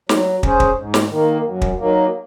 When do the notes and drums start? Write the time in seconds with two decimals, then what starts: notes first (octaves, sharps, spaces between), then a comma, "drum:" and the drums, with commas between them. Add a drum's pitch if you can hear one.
0.09 F#3, drum: snare
0.43 C#4 G#4 C5, drum: kick
0.60 drum: kick
0.77 G#2
0.94 drum: snare
1.10 D#3 A#3
1.44 F#2
1.62 drum: kick
1.79 D#3 F#3 A#3